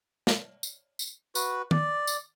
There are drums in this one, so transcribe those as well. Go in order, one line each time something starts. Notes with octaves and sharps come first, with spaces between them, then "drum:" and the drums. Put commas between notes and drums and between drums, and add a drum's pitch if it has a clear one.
drum: snare
drum: tambourine
drum: tambourine
F#4 B4, drum: tambourine
D5, drum: tom D#3
drum: tambourine